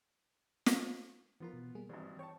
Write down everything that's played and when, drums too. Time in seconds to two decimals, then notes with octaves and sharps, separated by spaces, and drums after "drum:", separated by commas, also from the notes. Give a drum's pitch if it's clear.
0.66 drum: snare
1.40 E3 F3 B3 F4 A#4
1.53 B2
1.75 G3 A#3 G#4
1.89 G#1 G2 E3
2.19 C#5 G5 A5 C#6